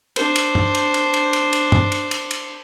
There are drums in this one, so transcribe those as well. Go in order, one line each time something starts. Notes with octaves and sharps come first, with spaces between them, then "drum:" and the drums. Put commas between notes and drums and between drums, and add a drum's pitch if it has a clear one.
D4 C5, drum: cymbal
drum: cymbal
drum: tom
drum: cymbal
drum: cymbal
drum: cymbal
drum: cymbal
drum: cymbal
drum: tom
drum: cymbal
drum: cymbal
drum: cymbal